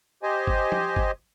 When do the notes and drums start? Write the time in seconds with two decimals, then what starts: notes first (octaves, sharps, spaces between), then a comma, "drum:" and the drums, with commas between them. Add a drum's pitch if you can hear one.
0.23 G4 C5 D#5 G#5
0.47 drum: kick
0.72 drum: tom
0.96 drum: kick